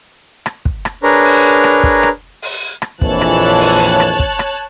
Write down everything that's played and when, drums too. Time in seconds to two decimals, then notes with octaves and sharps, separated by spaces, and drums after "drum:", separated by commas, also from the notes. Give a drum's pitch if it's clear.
0.46 drum: rim click
0.65 drum: kick
0.85 drum: rim click
1.03 D4 G#4 A#4 B4 C#5 A#5
1.24 drum: open hi-hat
1.64 drum: rim click
1.83 drum: kick
2.03 drum: rim click
2.42 drum: open hi-hat
2.82 drum: rim click
3.01 A#1 F2 E3 C#5 A5 F#6, drum: kick
3.21 drum: rim click
3.60 drum: open hi-hat
4.00 drum: rim click
4.19 drum: kick
4.39 drum: rim click